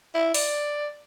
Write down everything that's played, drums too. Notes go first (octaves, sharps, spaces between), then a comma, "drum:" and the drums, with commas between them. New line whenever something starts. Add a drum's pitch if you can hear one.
E4
D5, drum: open hi-hat